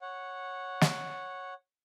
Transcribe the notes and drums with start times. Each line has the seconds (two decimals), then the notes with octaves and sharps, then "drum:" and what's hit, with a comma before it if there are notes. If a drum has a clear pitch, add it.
0.01 C#5 F#5
0.81 drum: snare